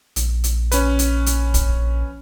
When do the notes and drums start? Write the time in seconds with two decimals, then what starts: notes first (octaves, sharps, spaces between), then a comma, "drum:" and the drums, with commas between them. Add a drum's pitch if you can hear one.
0.16 A#1, drum: hi-hat
0.44 drum: hi-hat
0.72 C#4 B4, drum: hi-hat
0.99 drum: hi-hat
1.26 drum: hi-hat
1.54 drum: kick, hi-hat